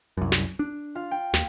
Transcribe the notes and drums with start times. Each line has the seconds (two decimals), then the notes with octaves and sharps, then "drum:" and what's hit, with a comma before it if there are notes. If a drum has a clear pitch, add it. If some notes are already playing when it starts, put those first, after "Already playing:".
0.17 C2 F#2
0.32 drum: snare
0.59 D4
0.95 F4 F5
1.11 G5
1.34 D#2, drum: snare